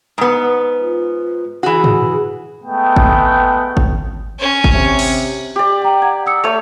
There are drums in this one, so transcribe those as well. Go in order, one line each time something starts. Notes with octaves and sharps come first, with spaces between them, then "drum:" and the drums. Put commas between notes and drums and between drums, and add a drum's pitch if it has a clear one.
G#2 B3
F4
E3 F#4 G#4
drum: tom
G#3 A3 B3 G5
drum: kick G#1
drum: kick G#1
C#4 C#5
drum: kick G#1
C3
drum: cymbal
G4 D5
G5 A#5
F#5 A#5 G#6
D#6 E6 C#7
A3 C#5 F7